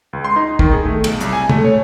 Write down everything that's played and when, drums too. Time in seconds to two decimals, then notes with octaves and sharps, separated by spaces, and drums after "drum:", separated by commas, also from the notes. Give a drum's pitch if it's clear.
0.13 C#2
0.25 C6
0.36 D#4
0.59 D#3, drum: kick
0.73 G#4
0.85 A3
1.04 B1, drum: cymbal
1.21 C2, drum: hi-hat
1.33 G#5
1.49 A3, drum: tom
1.64 C#5